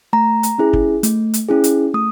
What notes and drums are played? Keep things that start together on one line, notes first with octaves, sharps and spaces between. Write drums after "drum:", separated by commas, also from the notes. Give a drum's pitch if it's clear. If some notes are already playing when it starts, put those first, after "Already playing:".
A3 A#5
drum: hi-hat
C#4 E4 G#4
drum: kick
A3, drum: hi-hat
drum: hi-hat
C#4 E4 G#4
drum: hi-hat
A3 D#6